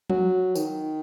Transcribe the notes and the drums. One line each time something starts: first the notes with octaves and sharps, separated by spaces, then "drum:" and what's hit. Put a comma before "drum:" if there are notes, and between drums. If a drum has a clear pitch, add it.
F#3, drum: tom F3
D#3, drum: tambourine